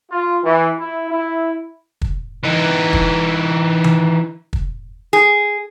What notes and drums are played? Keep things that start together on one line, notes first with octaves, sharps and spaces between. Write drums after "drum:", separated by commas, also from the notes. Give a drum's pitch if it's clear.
F4
E3
E4
E4
drum: kick
E3 D#4
drum: kick
drum: tom D#3
drum: kick
G#4